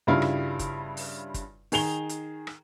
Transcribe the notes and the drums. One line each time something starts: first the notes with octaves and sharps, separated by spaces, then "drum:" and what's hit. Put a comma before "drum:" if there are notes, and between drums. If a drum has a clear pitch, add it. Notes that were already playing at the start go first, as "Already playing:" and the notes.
G2 C#3 G3 E4 F4
drum: rim click
drum: kick, hi-hat
drum: open hi-hat
drum: kick, hi-hat
D#3 G#4 F7 G7, drum: open hi-hat
drum: hi-hat
drum: rim click